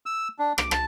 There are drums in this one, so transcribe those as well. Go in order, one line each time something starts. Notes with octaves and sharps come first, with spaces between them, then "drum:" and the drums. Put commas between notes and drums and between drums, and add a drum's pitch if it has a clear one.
E6
D4
D6, drum: rim click
A5, drum: rim click